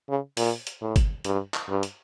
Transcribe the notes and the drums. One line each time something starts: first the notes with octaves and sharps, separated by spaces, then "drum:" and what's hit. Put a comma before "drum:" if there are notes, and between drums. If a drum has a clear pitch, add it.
C#3
A#2, drum: open hi-hat
drum: hi-hat
A2
drum: kick G1, hi-hat
G2, drum: hi-hat
drum: clap
G2
drum: hi-hat